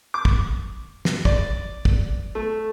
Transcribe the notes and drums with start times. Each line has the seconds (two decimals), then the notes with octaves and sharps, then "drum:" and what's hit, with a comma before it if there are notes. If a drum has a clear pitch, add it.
0.14 D6
0.25 drum: kick
1.05 drum: snare
1.25 D5, drum: kick
1.85 drum: kick
2.35 A3